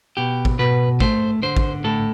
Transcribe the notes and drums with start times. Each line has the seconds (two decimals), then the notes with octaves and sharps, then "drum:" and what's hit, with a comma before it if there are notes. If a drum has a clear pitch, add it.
0.17 B2 G4
0.45 drum: kick
0.59 B2 B4
1.00 A3 C5, drum: kick
1.42 D3 C5
1.57 drum: kick
1.84 A2 A4